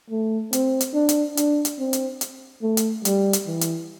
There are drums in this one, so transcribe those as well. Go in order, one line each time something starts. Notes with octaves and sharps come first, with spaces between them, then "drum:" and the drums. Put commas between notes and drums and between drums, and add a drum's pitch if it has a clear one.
A3
C4, drum: hi-hat
drum: hi-hat
D4
drum: hi-hat
D4, drum: hi-hat
drum: hi-hat
C4
drum: hi-hat
drum: hi-hat
A3
drum: hi-hat
G3, drum: hi-hat
drum: hi-hat
E3
drum: hi-hat